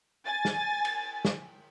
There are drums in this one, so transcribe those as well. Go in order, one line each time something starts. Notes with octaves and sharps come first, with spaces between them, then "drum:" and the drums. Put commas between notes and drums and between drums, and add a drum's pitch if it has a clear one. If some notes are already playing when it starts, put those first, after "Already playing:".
G#5 A6
drum: snare
drum: cymbal
drum: snare